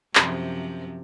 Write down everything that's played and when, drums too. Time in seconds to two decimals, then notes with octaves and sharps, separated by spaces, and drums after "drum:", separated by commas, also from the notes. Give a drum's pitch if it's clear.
0.15 F#2 C3 F3, drum: clap